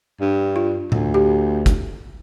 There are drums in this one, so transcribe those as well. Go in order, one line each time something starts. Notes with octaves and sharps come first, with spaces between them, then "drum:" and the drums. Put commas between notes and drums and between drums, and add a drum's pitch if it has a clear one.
G2
F4
D2, drum: tom A2
G4
drum: kick G1, hi-hat